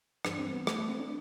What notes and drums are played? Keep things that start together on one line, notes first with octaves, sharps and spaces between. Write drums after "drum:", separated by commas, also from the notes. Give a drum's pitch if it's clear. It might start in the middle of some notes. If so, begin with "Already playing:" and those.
G2 E3 G3 D4, drum: rim click
C4
B3
A3, drum: rim click
A3
C4
D4